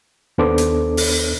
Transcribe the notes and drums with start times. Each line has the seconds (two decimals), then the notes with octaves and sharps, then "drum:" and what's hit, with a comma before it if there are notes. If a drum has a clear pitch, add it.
0.38 D#2 B3 D4 A4 C5 D6
0.58 drum: hi-hat
0.97 drum: open hi-hat